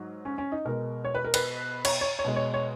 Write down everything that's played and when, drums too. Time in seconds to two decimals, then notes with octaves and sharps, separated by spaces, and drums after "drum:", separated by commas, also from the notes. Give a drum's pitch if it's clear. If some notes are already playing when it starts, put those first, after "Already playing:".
Already playing: G#2 F#3
0.25 C#4
0.38 C#4
0.52 D#4
0.65 B2 G#3 A#4
1.05 C#5
1.15 B4
1.24 A#4
1.34 B4, drum: cymbal
1.85 C#5, drum: cymbal
2.01 C#5
2.19 C#5
2.25 B2 G#3
2.36 C#5
2.54 C#5